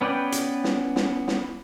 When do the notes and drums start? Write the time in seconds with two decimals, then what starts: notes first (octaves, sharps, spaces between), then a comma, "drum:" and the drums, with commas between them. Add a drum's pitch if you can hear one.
0.01 B3 C#4 B4 D5 G5
0.32 drum: hi-hat
0.64 drum: snare
0.96 drum: snare
1.28 drum: snare